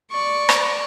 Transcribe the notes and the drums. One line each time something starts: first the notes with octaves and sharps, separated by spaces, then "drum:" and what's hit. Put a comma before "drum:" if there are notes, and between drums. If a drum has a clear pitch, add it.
D5 C#6
drum: rim click